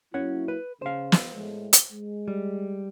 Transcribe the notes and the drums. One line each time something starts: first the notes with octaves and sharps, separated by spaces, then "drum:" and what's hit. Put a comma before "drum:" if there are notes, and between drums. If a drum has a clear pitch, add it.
F#3 A#3 C#4 E4 C#5 F#5
B4
C#3 C5 F5
drum: snare
A2 G#3
drum: hi-hat
G#3
G3